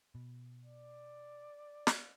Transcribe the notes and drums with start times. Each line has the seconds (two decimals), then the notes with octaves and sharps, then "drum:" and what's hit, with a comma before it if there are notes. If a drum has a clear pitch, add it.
0.15 B2
0.65 D5
1.87 drum: snare